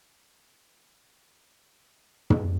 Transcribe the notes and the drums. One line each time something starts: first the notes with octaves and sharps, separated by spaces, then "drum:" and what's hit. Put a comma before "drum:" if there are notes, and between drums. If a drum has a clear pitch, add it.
F3
G#2
G#2
drum: tom